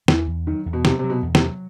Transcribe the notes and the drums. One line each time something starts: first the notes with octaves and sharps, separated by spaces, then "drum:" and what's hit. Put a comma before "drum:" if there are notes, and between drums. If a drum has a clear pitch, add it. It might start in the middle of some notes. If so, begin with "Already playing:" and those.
E2 E3, drum: snare
E2
D#3 F#3
E2
B2
C3 F#3, drum: snare
C3 F#3
B2
E2
C3, drum: snare
F#3